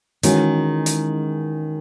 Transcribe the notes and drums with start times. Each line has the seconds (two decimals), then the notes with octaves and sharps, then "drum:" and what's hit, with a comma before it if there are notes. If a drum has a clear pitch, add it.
0.23 D#3 E3 G#3 C#4 F#4 C#5, drum: hi-hat
0.86 drum: hi-hat